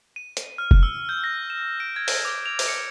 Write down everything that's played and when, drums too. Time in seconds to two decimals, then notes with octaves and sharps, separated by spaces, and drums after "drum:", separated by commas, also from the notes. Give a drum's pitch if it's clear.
0.16 D#7
0.37 drum: hi-hat
0.58 F6
0.71 drum: kick F1
0.83 E6
1.09 G6
1.24 A#6
1.50 E7
1.80 D7
1.96 G#6
2.08 drum: open hi-hat
2.25 D6
2.46 F7
2.59 drum: open hi-hat
2.68 C#7